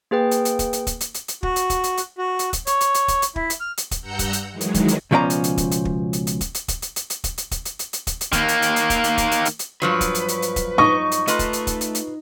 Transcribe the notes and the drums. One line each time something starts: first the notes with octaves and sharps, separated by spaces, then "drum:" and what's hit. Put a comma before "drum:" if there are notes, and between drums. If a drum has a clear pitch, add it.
A#3 G#4 B4 G5
drum: hi-hat
drum: hi-hat
drum: kick, hi-hat
drum: hi-hat
drum: kick, hi-hat
drum: hi-hat
drum: hi-hat
drum: hi-hat
F#4, drum: kick
drum: hi-hat
drum: kick, hi-hat
drum: hi-hat
drum: hi-hat
F#4
drum: hi-hat
drum: kick, hi-hat
C#5, drum: hi-hat
drum: hi-hat
drum: hi-hat
drum: kick, hi-hat
drum: hi-hat
E4, drum: kick
drum: hi-hat
F6
drum: hi-hat
drum: kick, hi-hat
G2 F#5 A#5 E6 G6 C#7
drum: kick, hi-hat
drum: hi-hat
D#3 E3 F#3 G#3
drum: hi-hat
drum: kick, hi-hat
drum: hi-hat
C#2 B2 F3 C#4 D5 A#5
drum: hi-hat
drum: hi-hat
drum: kick, hi-hat
drum: hi-hat
drum: kick
drum: hi-hat
drum: hi-hat
drum: kick, hi-hat
drum: hi-hat
drum: kick, hi-hat
drum: hi-hat
drum: hi-hat
drum: hi-hat
drum: kick, hi-hat
drum: hi-hat
drum: kick, hi-hat
drum: hi-hat
drum: hi-hat
drum: hi-hat
drum: kick, hi-hat
drum: hi-hat
D#3 A#3, drum: kick, hi-hat
drum: hi-hat
drum: hi-hat
drum: hi-hat
drum: kick, hi-hat
drum: hi-hat
drum: kick, hi-hat
drum: hi-hat
drum: hi-hat
drum: hi-hat
G2 F3 F#3 B4
drum: kick, hi-hat
drum: hi-hat
drum: hi-hat
drum: hi-hat
drum: kick, hi-hat
D#4 C#6
drum: hi-hat
A3 F4 B4 D#5, drum: hi-hat
drum: kick, hi-hat
drum: hi-hat
drum: kick, hi-hat
drum: hi-hat
drum: hi-hat